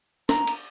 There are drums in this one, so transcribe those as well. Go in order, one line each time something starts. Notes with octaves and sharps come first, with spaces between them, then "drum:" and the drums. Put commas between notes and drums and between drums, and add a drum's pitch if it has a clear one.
A#5, drum: snare
drum: cymbal